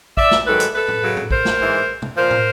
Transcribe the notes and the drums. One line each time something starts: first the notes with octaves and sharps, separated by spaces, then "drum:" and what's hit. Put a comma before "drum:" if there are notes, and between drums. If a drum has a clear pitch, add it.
D5 E5, drum: kick A#1
drum: snare
G#2 D#3 F#3 A4 B4
drum: hi-hat
A4 B4
drum: tom A2
F#2 C#3 F#3
drum: tom A2
A#4 C5, drum: kick A#1
drum: snare
G#2 E3
drum: tom C3
A#2 F3 A#4 C5
drum: tom